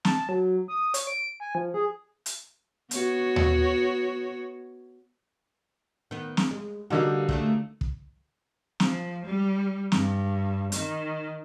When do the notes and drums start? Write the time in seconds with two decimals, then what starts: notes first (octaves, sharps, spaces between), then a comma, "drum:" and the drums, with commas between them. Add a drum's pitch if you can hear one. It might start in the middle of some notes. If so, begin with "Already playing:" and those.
0.05 A5, drum: snare
0.29 F#3
0.68 D#6
0.94 C#5, drum: hi-hat
1.07 D7
1.40 G#5
1.55 F3
1.74 G#4
2.26 drum: hi-hat
2.91 B3 F#4 C#5, drum: hi-hat
3.36 drum: tom D#2
6.11 D#3 B3
6.37 drum: snare
6.51 G#3
6.90 D3 G3 A#3 D#4 F#4
7.29 A3 A#3 D4, drum: kick
7.81 drum: kick
8.80 F3, drum: snare
9.24 G3
9.92 G2, drum: snare
10.72 D#3, drum: hi-hat